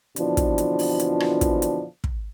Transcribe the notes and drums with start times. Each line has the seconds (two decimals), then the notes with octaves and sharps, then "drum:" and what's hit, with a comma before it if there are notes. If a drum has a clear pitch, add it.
0.16 F2 B2 D3 E3 F3 D4, drum: hi-hat
0.37 drum: kick, hi-hat
0.58 drum: hi-hat
0.79 drum: open hi-hat
1.00 drum: hi-hat
1.20 drum: rim click
1.41 drum: kick, hi-hat
1.62 drum: hi-hat
2.04 drum: kick